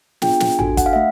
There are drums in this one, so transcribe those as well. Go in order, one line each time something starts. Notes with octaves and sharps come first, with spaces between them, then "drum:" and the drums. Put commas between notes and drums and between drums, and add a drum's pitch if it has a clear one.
B3 D4 F4 G#4 G5, drum: snare
drum: snare
D4 F#4 A4 G#5, drum: tom A1
F#5, drum: kick G1, hi-hat
F5
A3 E5